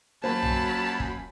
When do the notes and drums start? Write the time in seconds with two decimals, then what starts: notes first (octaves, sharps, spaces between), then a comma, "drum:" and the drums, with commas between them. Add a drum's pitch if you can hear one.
0.23 F#2 F#3 A#3 C5 A5 B5
0.42 drum: tom A#1
1.00 drum: kick